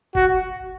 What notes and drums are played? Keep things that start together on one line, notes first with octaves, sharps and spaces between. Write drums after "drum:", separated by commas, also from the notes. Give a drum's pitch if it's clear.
F#4, drum: kick F#1